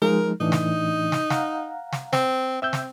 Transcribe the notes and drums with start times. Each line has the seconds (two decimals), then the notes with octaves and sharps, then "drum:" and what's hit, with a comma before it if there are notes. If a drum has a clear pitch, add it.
0.02 F3 G#3 D#4 A#4
0.40 A2 E3 D4 D#4
0.52 drum: snare
1.12 drum: snare
1.30 F5 F#5 A#5, drum: snare
1.93 drum: snare
2.13 C4, drum: snare
2.62 C4 E5 E6 G6
2.73 drum: snare